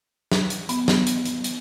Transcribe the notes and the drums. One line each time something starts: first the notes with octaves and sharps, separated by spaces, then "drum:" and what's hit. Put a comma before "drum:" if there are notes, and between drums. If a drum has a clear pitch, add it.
drum: snare
drum: hi-hat
B3, drum: hi-hat
drum: snare
drum: hi-hat
drum: hi-hat
drum: hi-hat